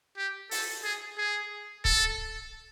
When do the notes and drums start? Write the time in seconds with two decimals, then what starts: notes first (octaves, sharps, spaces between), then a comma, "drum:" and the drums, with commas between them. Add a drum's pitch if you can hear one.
0.17 G4
0.51 A4, drum: open hi-hat
0.84 G#4
1.18 G#4
1.85 A4, drum: kick C#1